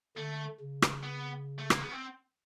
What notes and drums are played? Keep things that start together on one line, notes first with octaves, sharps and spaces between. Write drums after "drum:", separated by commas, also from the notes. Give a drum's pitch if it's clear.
D3 A3
C#3
drum: rim click
B3
A3
A#3, drum: rim click
B3
C4